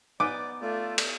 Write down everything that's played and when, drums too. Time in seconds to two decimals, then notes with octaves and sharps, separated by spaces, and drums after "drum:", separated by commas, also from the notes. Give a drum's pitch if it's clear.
0.20 B3 D#4 B4 D5 D6
0.62 A3 F4 D5
0.98 drum: cymbal